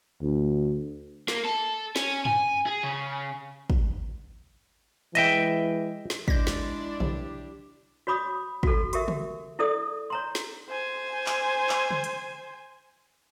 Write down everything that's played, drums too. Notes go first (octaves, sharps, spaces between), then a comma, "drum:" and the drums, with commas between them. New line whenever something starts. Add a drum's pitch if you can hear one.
D2
A#3, drum: snare
A4
C#4, drum: snare
G#5, drum: tom
G#4
C#3
drum: kick
E3 G#3 D#5 E5 G5, drum: hi-hat
drum: snare
G#3 D4 E4 D5 G6 A#6, drum: kick
drum: snare
B1 G4, drum: tom
F#4 C#5 B5 D6 D#6
F#4 A4, drum: kick
F#4 G4 A#4 E5, drum: hi-hat
drum: tom
E4 G#4 A4 D5 D#6
C#5 A#5 C6
drum: snare
C5 G#5
drum: clap
drum: clap
drum: tom
drum: hi-hat